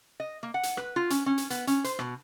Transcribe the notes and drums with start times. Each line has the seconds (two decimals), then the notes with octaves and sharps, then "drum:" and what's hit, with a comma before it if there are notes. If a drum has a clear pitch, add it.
0.20 D#5
0.43 A#3
0.54 F#5
0.63 drum: hi-hat
0.77 B4, drum: rim click
0.96 F4
1.10 C#4, drum: hi-hat
1.26 C#4
1.38 drum: hi-hat
1.50 B3, drum: hi-hat
1.67 C#4, drum: hi-hat
1.84 C5, drum: hi-hat
1.99 B2, drum: rim click